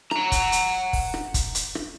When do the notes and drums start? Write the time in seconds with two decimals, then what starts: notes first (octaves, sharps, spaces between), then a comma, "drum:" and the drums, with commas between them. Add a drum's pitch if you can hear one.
0.11 F#5 A#5, drum: rim click
0.32 drum: kick, hi-hat
0.52 drum: hi-hat
0.93 drum: kick, open hi-hat
1.14 drum: rim click
1.34 drum: kick, hi-hat
1.55 drum: hi-hat
1.75 drum: rim click